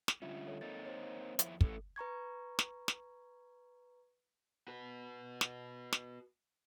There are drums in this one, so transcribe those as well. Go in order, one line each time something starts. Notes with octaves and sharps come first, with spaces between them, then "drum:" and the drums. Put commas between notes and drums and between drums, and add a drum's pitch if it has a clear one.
drum: snare
D3 G3 C#4 F4 E5
A4 C#5
A#3 C4 D#4 A6
A#4 C5 C#5
F2 E4, drum: hi-hat
E3 A3 C#4 A4, drum: kick
B4 A#5 C#6 G#6
drum: snare
drum: snare
F#4 B4
drum: snare
drum: snare